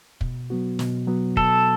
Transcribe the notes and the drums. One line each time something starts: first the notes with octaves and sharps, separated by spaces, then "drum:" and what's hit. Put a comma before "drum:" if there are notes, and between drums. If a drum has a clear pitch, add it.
B2, drum: kick
F#3 B3 F#4
B2, drum: snare
F#3 B3 F#4
B2 A4, drum: kick